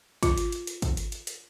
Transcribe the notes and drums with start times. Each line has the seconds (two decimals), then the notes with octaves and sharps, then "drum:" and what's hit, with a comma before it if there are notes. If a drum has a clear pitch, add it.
0.23 F4, drum: kick, hi-hat
0.38 drum: hi-hat
0.52 drum: hi-hat
0.67 drum: hi-hat
0.82 drum: kick, hi-hat
0.97 drum: hi-hat
1.12 drum: hi-hat
1.27 drum: hi-hat